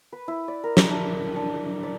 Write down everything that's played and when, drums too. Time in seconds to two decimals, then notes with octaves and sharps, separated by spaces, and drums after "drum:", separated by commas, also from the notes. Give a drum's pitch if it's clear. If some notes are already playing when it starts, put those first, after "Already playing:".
0.13 B4
0.28 E4
0.48 D5
0.64 A#4
0.77 drum: snare
0.91 D4
1.36 D4
1.83 D5